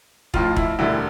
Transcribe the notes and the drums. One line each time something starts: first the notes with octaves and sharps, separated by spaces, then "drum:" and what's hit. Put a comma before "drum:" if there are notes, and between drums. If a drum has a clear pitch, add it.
B1 A2 F3 F4, drum: kick
E4, drum: kick
E1 D2 D3 G3 E4